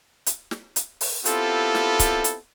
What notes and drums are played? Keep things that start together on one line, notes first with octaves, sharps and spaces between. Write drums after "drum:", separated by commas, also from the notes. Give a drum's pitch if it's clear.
drum: hi-hat
drum: snare
drum: hi-hat
drum: open hi-hat
B3 C4 E4 F4 G4 A4, drum: hi-hat
drum: snare
drum: kick C#1, hi-hat
drum: hi-hat